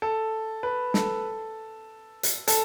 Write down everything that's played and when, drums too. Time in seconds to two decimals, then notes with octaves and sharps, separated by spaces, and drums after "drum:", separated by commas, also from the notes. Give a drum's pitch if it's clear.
0.02 A4
0.63 B4
0.94 A4, drum: snare
2.23 drum: hi-hat
2.48 A4, drum: hi-hat